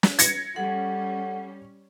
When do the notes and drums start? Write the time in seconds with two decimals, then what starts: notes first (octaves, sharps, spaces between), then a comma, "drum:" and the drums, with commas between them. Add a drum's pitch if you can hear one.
0.03 drum: snare
0.19 G#6 A#6 C#7, drum: hi-hat
0.56 G3 C#4 A4 F#5